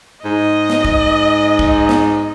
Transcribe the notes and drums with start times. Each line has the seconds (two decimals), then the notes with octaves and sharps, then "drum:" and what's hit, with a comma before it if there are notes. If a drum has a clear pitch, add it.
0.25 G#2 D#5
0.70 drum: snare
0.85 drum: kick
1.59 drum: kick
1.89 drum: snare